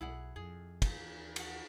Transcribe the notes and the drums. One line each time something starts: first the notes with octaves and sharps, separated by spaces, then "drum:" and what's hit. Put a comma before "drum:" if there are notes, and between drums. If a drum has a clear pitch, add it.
B1 E4 G#4 F#5
F2 G#4
drum: kick, cymbal
D#2 E3
F#4 F#5, drum: cymbal